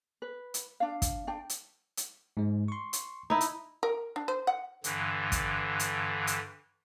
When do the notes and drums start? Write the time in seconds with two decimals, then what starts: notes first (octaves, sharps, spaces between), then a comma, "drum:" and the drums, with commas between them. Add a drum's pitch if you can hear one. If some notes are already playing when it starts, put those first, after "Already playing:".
0.22 B4
0.54 drum: hi-hat
0.80 D4 F5
1.02 drum: kick, hi-hat
1.27 D4 G5
1.50 drum: hi-hat
1.97 drum: hi-hat
2.37 G#2 G#3
2.68 C6 C#6
2.93 drum: hi-hat
3.30 D#4 E4
3.41 drum: hi-hat
3.83 A#4
4.16 D4
4.28 C5
4.47 F#5
4.84 G2 D3 E3, drum: hi-hat
5.32 drum: kick, hi-hat
5.80 drum: hi-hat
6.27 drum: hi-hat